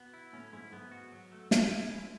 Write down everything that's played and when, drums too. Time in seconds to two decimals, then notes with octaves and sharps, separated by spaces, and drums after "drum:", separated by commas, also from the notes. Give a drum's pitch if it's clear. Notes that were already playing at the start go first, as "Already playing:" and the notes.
Already playing: B2 B3
0.14 E4
0.33 A2 C#4
0.53 G#2 E4
0.72 G#2 B3
0.92 F#4
1.12 F#3
1.32 A3
1.51 F#2 A3, drum: snare
1.70 C#4
1.90 E4